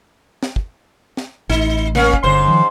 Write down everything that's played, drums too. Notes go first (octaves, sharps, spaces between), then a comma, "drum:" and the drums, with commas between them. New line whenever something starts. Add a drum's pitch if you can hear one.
drum: snare
drum: kick
drum: snare
A1 A2 D#4
A#3 C#4, drum: tom
drum: kick
G1 G#2 D3 C5
D#3 F3